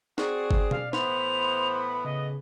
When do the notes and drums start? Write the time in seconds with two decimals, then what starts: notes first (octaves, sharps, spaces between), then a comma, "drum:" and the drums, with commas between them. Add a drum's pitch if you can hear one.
0.18 C4 F#4 G#4 D5 C#6, drum: snare
0.51 drum: kick G1
0.71 F5, drum: tom B2
0.93 A2 E3 B3 C5 B5 F7, drum: snare
2.05 C#3 D#5